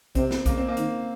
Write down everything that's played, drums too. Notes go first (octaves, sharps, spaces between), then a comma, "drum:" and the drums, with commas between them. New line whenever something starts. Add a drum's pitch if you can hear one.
C3 C4, drum: kick, hi-hat
drum: snare
C#3 A#3, drum: kick, hi-hat
C4
A#3
D#3, drum: hi-hat